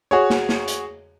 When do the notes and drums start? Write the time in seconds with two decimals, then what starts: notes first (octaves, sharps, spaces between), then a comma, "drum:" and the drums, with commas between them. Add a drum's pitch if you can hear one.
0.11 F#4 G#4 C#5
0.30 drum: snare
0.49 drum: snare
0.68 drum: hi-hat